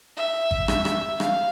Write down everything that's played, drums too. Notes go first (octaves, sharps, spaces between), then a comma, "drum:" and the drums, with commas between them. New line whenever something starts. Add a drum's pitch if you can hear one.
E5
drum: kick G#1
E5, drum: rim click
drum: rim click
F5, drum: rim click